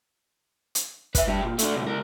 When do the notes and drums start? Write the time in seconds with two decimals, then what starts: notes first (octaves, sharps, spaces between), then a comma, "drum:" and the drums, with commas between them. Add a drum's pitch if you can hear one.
0.75 drum: hi-hat
1.15 B4 E5, drum: kick, hi-hat
1.28 G2 G4
1.43 A#2
1.59 A3 D4, drum: hi-hat
1.74 C#2 B2
1.87 C#2 A#4